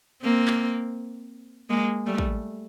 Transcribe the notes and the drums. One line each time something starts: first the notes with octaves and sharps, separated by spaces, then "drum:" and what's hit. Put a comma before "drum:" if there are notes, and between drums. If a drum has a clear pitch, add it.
A#3 C4
drum: clap
G#3 A#3
G3 A3
drum: kick